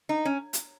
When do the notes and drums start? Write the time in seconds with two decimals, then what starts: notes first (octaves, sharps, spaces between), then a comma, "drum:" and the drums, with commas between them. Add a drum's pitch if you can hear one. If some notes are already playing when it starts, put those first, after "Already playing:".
0.09 D#4
0.25 C#4
0.53 drum: hi-hat